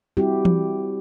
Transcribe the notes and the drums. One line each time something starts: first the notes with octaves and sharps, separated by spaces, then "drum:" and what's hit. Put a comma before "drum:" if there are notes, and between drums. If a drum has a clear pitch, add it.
G3 C4 E4 F#4 G4
drum: tom E3